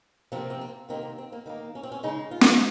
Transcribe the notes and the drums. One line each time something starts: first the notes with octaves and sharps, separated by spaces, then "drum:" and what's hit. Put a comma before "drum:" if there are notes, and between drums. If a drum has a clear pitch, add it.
C3 F3 A#3 C4
C4
A#3
C3 D#3 A#3 C4
A#3
C4
A#3
D#3 G3 A#3
C#4
C4
C#4
C#3 G#3 D#4
F4
drum: snare